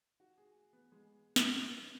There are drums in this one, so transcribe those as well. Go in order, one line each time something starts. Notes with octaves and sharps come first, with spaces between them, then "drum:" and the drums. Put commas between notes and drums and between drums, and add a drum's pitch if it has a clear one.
F#4
G#4
B3
G#3
drum: snare
C#4